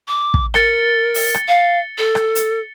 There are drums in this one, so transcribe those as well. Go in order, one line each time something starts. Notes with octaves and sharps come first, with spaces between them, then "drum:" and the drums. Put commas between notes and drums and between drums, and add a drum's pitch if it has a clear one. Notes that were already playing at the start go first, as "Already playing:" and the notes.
D6
drum: kick
A#4 A6 C#7 G7, drum: rim click
drum: open hi-hat
drum: rim click
F5
A4
drum: rim click
drum: hi-hat